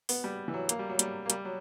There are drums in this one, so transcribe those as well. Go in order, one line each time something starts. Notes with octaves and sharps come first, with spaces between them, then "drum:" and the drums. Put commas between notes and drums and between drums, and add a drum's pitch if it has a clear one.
B3, drum: open hi-hat
G3
E3
F#3
A#3, drum: hi-hat
G3
F#3
G3, drum: hi-hat
A#3
G3, drum: hi-hat
F#3